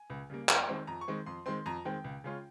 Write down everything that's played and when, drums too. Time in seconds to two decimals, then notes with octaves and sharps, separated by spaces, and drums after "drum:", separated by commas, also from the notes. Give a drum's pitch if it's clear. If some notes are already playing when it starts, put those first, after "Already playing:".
Already playing: G#5
0.10 C#2
0.30 C#3 G3 A#3
0.49 F2 F5, drum: clap
0.62 G5
0.69 D#3 G#3 C4
0.87 F2 A#5
1.01 C#6
1.08 D#3 G#3 C4
1.26 F2 C6
1.46 D#3 G#3 C4 C6
1.66 F2 A#5
1.85 D#3 G#3 C4 G5
2.04 C#2
2.24 C#3 G#3 C#4 F4